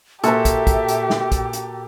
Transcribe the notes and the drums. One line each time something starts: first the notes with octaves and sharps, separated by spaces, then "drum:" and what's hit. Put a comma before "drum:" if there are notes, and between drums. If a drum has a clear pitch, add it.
A#2 F#4 G4 A4 E5 A#5, drum: hi-hat
drum: kick, hi-hat
drum: kick, hi-hat
drum: hi-hat
drum: snare
drum: kick, hi-hat
drum: hi-hat